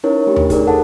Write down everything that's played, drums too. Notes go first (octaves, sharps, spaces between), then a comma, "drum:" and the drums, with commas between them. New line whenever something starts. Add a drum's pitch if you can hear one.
C#4 D#4 E4 A#4 C#5
A3 D4 G4
drum: tom D#2
D#4 G#4 A#4 D5, drum: kick, hi-hat
A4 A#4 F#5 A5